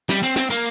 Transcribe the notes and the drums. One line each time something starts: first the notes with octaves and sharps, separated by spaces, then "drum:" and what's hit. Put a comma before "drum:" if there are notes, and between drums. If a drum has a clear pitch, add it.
G3, drum: snare
C4, drum: cymbal
C4, drum: snare
A#3, drum: cymbal